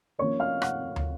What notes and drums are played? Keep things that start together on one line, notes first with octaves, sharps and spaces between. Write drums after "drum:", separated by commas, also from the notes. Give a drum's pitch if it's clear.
F3 A#3 C#4 C#5 C#6
F5 F6
F#5 F#6, drum: rim click
drum: tom